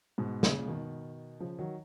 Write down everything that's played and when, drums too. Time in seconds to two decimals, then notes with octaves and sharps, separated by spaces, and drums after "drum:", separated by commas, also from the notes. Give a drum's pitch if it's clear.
0.18 G#2 B2
0.43 A#2 C#3, drum: snare
0.68 B2 D#3
1.40 C#3 F3
1.59 D#3 F#3